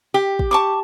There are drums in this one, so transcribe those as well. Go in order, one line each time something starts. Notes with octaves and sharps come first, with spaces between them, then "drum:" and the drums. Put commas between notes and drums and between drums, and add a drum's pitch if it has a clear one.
G4
drum: kick
A5 C#6 D6